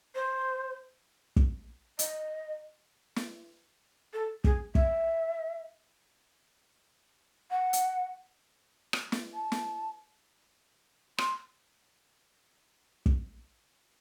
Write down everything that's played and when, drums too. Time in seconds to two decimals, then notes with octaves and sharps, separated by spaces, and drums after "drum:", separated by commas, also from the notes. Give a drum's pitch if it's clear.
0.15 C5
1.36 drum: kick
1.99 D#5, drum: hi-hat
3.16 drum: snare
4.13 A4
4.44 G#4, drum: kick
4.75 E5, drum: kick
7.51 F#5
7.73 drum: hi-hat
8.93 drum: rim click
9.12 drum: snare
9.34 A5
9.52 drum: snare
11.18 C6, drum: rim click
13.06 drum: kick